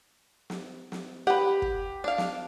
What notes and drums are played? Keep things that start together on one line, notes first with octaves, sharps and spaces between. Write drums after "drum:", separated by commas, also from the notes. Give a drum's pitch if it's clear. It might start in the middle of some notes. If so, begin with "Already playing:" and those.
drum: snare
drum: snare
G4 B4 F#5
drum: kick
D4 F5
drum: snare